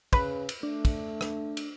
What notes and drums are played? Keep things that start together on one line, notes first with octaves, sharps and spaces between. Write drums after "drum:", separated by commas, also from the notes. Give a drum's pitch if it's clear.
C#3 B4, drum: kick, cymbal
drum: cymbal
A3 D4
drum: kick, cymbal
drum: rim click
drum: cymbal